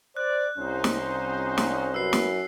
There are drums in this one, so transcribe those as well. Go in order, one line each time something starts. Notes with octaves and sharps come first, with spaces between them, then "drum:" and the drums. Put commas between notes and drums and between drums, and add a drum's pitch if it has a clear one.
C5 D5 F#6
C2 C#4 D#4 C5
drum: snare
drum: snare
F#2 B4 E6 C7
drum: snare